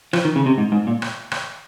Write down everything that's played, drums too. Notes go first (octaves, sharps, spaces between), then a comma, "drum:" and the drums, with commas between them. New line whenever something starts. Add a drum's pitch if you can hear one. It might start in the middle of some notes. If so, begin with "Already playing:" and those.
F3, drum: rim click
D#3
C#3
C3
G#2
G#2
A#2
drum: rim click
drum: rim click